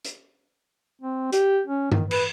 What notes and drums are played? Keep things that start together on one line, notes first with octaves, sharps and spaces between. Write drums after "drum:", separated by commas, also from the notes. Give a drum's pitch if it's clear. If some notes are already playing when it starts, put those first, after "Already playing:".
drum: hi-hat
C4
G4, drum: hi-hat
C#4
D#3, drum: tom G2
B4, drum: cymbal